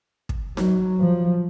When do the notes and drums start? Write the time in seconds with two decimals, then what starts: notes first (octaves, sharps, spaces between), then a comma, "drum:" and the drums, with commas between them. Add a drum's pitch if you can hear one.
0.29 drum: kick
0.57 F#3, drum: snare D#4
1.00 F3